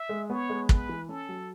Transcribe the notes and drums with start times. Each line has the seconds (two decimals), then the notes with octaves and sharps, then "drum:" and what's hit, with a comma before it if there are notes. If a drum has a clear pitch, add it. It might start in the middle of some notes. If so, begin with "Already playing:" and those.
Already playing: E5
0.09 G#3
0.30 B3 C#5
0.50 G#3
0.69 B3 B4, drum: kick
0.89 E3
1.09 C#4 A4
1.29 F#3